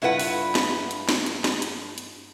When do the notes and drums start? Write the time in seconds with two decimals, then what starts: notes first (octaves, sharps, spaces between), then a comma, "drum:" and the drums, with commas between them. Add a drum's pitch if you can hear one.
0.02 G2 E4 F4 B4 F#5
0.19 drum: open hi-hat
0.55 drum: snare
0.91 drum: hi-hat
1.09 drum: snare
1.26 drum: hi-hat
1.44 drum: snare
1.62 drum: hi-hat
1.98 drum: hi-hat